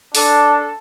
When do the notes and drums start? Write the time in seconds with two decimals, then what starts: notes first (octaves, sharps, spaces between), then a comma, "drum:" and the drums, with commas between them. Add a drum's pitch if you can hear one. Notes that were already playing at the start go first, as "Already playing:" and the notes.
0.15 D4 A4, drum: open hi-hat